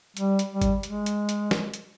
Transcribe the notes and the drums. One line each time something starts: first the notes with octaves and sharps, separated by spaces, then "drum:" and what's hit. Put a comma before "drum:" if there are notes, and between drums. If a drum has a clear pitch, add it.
G3, drum: hi-hat
drum: hi-hat
G3
drum: kick G#1, hi-hat
G#3, drum: hi-hat
drum: hi-hat
drum: hi-hat
drum: snare
drum: hi-hat